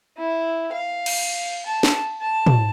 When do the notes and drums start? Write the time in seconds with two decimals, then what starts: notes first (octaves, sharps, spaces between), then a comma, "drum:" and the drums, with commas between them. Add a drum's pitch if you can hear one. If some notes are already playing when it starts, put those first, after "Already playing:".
0.17 E4
0.72 F5
1.06 drum: cymbal
1.66 A5
1.83 drum: snare
2.21 A5
2.46 drum: tom